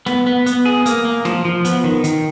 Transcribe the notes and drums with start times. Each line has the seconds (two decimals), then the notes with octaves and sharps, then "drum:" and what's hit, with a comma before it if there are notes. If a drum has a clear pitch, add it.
0.06 B3, drum: snare
0.27 B3
0.46 B3, drum: hi-hat
0.65 G#4
0.86 A#3, drum: hi-hat
1.05 A#3
1.25 F3, drum: snare
1.45 F3
1.65 B3, drum: hi-hat
1.84 D#3
2.04 D#3, drum: hi-hat